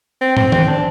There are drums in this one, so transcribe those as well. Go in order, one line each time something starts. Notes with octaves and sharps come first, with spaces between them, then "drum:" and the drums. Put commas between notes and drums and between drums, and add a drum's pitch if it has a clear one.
C4
C4, drum: tom
C4, drum: tom D#3
D4